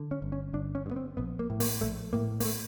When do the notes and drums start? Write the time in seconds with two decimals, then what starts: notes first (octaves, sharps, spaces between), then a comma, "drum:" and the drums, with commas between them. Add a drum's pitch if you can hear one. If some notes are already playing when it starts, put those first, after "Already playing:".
Already playing: D3
0.11 C#4
0.22 G1
0.32 C#4
0.53 G1 D4
0.75 C#4
0.86 G2
0.91 B3
0.96 C4
1.17 A#1 B3
1.39 A#3
1.50 A2
1.60 A#3, drum: open hi-hat
1.81 A#1 A3
2.13 A2 A#3
2.40 A#3, drum: open hi-hat
2.45 A3